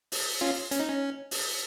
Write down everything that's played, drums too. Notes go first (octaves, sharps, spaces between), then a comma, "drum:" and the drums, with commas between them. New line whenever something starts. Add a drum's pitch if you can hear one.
drum: open hi-hat
C#4 F4
C#4, drum: hi-hat
D#4
C#4
drum: open hi-hat